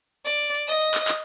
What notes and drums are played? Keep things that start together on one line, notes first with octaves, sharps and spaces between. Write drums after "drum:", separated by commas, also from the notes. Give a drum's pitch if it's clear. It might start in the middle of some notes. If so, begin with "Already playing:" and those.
D5
drum: hi-hat
D#5
drum: hi-hat
drum: clap
drum: clap